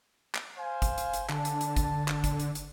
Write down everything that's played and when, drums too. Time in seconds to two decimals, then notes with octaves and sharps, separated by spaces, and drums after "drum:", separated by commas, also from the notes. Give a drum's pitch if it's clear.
0.35 drum: clap
0.58 C5 F5 G#5
0.82 drum: kick, hi-hat
0.98 drum: hi-hat
1.13 drum: hi-hat
1.29 D3 A5, drum: clap
1.45 drum: hi-hat
1.61 drum: hi-hat
1.76 drum: kick, hi-hat
2.08 drum: clap
2.24 drum: kick, hi-hat
2.40 drum: hi-hat
2.55 drum: hi-hat